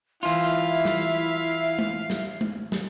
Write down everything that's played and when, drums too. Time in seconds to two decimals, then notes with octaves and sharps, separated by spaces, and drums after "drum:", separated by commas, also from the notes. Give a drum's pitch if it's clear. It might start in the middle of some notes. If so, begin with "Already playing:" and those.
0.23 E3 E4 F4 E5 F5
0.85 drum: snare
1.79 drum: tom G#3
2.10 drum: snare
2.41 drum: tom G#3
2.72 drum: snare